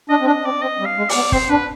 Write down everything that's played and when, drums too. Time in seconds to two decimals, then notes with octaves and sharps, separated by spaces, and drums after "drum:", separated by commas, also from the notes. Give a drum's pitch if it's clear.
0.09 D4 D#5
0.21 C4
0.26 D4 D#5
0.44 C4 D5
0.61 C4 D#5
0.80 G3
0.85 F5
0.97 G#3
1.09 D5, drum: open hi-hat
1.15 B3
1.32 C4 C5, drum: kick
1.50 D4 B4